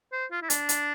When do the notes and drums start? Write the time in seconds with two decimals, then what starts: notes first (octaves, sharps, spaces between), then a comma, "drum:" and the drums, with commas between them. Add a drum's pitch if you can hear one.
0.12 C5
0.31 F4
0.42 E4
0.50 D4, drum: hi-hat
0.69 drum: hi-hat